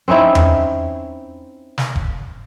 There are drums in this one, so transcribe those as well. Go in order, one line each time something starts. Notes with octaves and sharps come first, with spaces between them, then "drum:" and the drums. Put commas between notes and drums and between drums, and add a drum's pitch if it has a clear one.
C4 C#4 D#4 E4
drum: tom E2
drum: snare
drum: kick F1